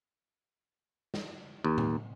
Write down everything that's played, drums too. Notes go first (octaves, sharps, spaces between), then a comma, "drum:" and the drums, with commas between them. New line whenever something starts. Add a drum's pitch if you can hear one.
drum: snare
D#2
drum: tom A2